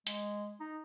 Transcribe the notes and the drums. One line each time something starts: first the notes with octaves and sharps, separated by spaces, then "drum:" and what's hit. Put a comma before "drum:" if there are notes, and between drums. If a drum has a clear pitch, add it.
G#3, drum: hi-hat
D#4